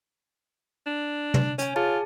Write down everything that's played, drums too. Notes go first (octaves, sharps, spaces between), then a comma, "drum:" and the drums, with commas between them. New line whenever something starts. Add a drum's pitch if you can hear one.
D4
drum: tom
C#4 C#5 G#5, drum: hi-hat
F4 G#4 A5